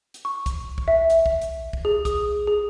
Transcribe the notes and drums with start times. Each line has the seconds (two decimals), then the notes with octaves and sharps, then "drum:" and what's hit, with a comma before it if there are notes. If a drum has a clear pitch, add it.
0.14 drum: hi-hat
0.25 C#6
0.46 drum: kick, hi-hat
0.78 drum: kick
0.88 E5
1.10 drum: hi-hat
1.26 drum: kick
1.42 drum: hi-hat
1.73 drum: kick
1.85 G#4
2.05 D#6, drum: kick, hi-hat
2.47 G#4